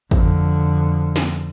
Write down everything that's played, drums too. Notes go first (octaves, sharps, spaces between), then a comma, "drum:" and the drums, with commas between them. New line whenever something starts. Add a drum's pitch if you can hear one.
F2 D3, drum: kick
drum: snare